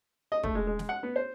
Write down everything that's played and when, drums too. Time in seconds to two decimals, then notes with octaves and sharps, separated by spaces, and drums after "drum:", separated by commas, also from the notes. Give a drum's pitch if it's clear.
0.32 D#5
0.43 A3, drum: kick
0.55 G#3
0.67 G#3
0.79 drum: snare
0.89 F#5
1.03 B3
1.16 C5